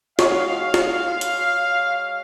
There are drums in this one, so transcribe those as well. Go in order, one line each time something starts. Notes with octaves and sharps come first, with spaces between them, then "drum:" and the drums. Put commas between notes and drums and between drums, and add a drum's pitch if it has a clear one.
G#3 F#4 C#5 F5, drum: snare
drum: snare
drum: hi-hat